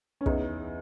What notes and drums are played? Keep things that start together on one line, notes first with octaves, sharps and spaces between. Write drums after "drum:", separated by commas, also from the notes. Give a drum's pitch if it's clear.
C#4
E2 D#4, drum: kick